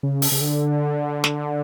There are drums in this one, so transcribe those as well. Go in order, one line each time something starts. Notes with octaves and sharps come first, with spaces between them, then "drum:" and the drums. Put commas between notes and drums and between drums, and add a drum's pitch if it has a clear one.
C#3
drum: open hi-hat
C#3
D3
drum: snare